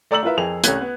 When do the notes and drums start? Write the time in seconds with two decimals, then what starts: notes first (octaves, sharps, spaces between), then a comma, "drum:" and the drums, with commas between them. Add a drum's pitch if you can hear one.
0.11 A3 D5 A#5 E6 F#7
0.23 E4 F4 A#4 B4 E5
0.37 F2 G#4 A#4 F7
0.64 C2 A3 C#4 F#6 G#6, drum: hi-hat
0.81 B3